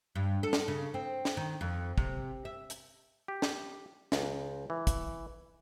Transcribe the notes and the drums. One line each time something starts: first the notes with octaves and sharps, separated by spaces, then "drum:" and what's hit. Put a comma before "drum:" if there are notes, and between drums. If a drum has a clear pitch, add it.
G2
A4
drum: snare
C#3
C4
drum: snare
D#3
F2
C3, drum: kick
E5
drum: hi-hat
G4
drum: snare
C#2, drum: snare
E3
drum: kick, hi-hat